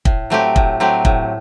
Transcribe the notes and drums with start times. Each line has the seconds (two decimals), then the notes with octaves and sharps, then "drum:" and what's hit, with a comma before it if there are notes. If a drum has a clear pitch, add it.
0.05 A2, drum: kick
0.30 F#3 A3 C4 G4
0.56 A2, drum: kick
0.80 F#3 A3 C4 G4
1.05 A2, drum: kick